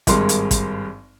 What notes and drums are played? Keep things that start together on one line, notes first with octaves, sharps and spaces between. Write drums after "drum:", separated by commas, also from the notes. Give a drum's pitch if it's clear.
G#1 G2 G#3 A#4 C6, drum: kick, hi-hat
drum: hi-hat
drum: kick, hi-hat